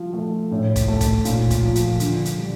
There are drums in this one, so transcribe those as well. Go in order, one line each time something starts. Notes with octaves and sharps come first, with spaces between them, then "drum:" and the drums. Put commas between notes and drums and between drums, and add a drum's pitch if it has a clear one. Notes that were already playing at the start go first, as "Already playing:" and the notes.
Already playing: F3 G3
A3
A2
drum: kick, hi-hat
A3
drum: kick, hi-hat
A#2, drum: hi-hat
drum: kick, hi-hat
F3
drum: hi-hat
D3, drum: hi-hat
drum: hi-hat
G3